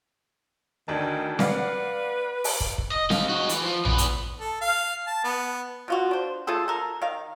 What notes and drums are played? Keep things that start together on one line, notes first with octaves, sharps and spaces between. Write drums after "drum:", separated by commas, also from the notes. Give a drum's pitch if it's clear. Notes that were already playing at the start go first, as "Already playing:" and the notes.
D2 D#3 D4 A5
B4 D5 F5 F#5, drum: snare C4
drum: open hi-hat
drum: kick
drum: kick
D#5
D#4 F5, drum: snare C4
G#3 F#4
E3, drum: hi-hat
F3
E3 B3, drum: tom A#1
drum: hi-hat
A4
F5
A5
B3
B2 F4 F#4
D4 C5
A3 F4 G#4 A4
A4 A#4
D#3 F5